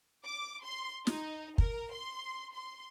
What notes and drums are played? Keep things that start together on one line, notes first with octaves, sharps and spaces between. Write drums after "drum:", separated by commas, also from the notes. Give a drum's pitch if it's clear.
D6
C6
D#4, drum: snare
A#4, drum: kick
C6
C6